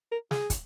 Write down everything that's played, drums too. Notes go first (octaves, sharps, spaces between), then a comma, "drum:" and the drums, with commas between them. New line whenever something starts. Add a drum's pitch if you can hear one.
A#4
G#4, drum: snare
drum: kick, hi-hat